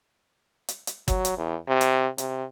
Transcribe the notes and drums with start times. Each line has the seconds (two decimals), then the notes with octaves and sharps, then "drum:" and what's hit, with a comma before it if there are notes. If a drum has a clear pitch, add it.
0.68 drum: hi-hat
0.87 drum: hi-hat
1.08 F#3, drum: kick, hi-hat
1.25 drum: hi-hat
1.37 E2
1.68 C3
1.81 drum: hi-hat
2.18 C3, drum: hi-hat